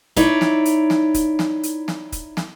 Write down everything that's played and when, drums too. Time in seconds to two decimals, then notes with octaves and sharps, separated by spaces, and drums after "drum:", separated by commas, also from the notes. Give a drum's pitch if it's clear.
0.16 D#4 E4 C#5 D5, drum: kick, hi-hat
0.41 drum: snare
0.65 drum: hi-hat
0.90 drum: snare
1.14 drum: kick, hi-hat
1.39 drum: snare
1.63 drum: hi-hat
1.88 drum: snare
2.12 drum: kick, hi-hat
2.37 drum: snare